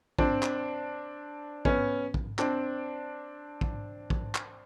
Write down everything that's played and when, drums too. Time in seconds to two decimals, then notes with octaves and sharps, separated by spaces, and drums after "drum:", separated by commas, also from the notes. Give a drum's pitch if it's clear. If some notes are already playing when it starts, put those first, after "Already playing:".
0.19 C4 D4, drum: kick
0.43 drum: clap
1.65 B3 C#4, drum: kick
2.14 drum: kick
2.39 C4 D4, drum: clap
3.61 drum: kick
4.10 drum: kick
4.35 drum: clap